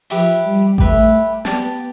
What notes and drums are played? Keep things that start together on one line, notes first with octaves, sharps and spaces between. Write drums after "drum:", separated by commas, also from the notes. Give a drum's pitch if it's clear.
F3 G4 B4 E5, drum: open hi-hat
G3
A3 G4 B4 E5, drum: kick A1
B3 G4 D5 A5, drum: snare